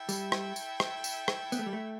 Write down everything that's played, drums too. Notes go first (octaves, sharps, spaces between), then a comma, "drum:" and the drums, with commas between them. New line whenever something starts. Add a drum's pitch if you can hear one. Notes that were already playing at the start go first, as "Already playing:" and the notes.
Already playing: E4 A4 E5 G5
G3, drum: tambourine
drum: rim click
drum: tambourine
drum: rim click
drum: tambourine
drum: rim click
B3, drum: tambourine
A3
G3
A3